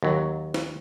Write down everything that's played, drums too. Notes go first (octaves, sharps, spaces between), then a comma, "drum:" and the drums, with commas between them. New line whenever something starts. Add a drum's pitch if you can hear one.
D#2 F#3
drum: snare